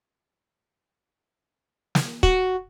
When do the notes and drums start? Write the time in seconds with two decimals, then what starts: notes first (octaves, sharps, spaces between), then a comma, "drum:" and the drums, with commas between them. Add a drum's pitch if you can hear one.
1.95 drum: snare
2.23 F#4, drum: kick